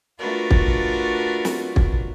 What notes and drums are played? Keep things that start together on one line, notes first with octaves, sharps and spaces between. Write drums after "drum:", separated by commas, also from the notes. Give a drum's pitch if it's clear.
A3 D4 F4 F#4 A#4 B4
drum: kick
drum: snare
drum: kick